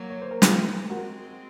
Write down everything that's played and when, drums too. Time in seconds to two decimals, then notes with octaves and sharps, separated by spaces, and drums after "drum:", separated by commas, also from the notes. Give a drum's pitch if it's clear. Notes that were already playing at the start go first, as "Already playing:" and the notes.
Already playing: F#3 A#3
0.10 C#5
0.21 C5
0.31 A#4
0.42 F4 G#4, drum: snare
0.90 G#3 C4 F#4 A#4